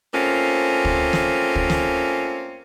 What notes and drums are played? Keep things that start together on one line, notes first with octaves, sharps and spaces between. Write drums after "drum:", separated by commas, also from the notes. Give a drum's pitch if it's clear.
A3 A#3 C4 C#4 F4
drum: kick
drum: snare
drum: kick
drum: snare